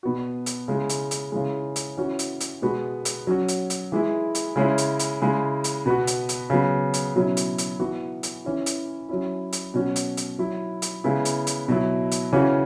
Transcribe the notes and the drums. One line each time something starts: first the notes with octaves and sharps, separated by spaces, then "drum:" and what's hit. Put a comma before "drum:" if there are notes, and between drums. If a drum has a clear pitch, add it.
B2 B3 F#4
drum: hi-hat
C#3 G#3 E4
drum: hi-hat
drum: hi-hat
C#3 E3 G#3
drum: hi-hat
E3 C#4 F#4
drum: hi-hat
drum: hi-hat
B2 G#3 B3 F#4
drum: hi-hat
F#3 C#4 F#4
drum: hi-hat
drum: hi-hat
E3 G#3 E4
drum: hi-hat
C#3 G#3 C#4 E4
drum: hi-hat
drum: hi-hat
C#3 G#3 E4
drum: hi-hat
B2 B3 F#4
drum: hi-hat
drum: hi-hat
C#3 F#3 B3
drum: hi-hat
B2 F#3 C#4 E4
drum: hi-hat
drum: hi-hat
E3 B3 F#4
drum: hi-hat
E3 C#4 E4
drum: hi-hat
F#3 C#4 E4
drum: hi-hat
B2 F#3 C#4 F#4
drum: hi-hat
drum: hi-hat
F#3 E4
drum: hi-hat
C#3 G#3 B3 E4
drum: hi-hat
drum: hi-hat
B2 F#3 E4
drum: hi-hat
C#3 E3 C#4 F#4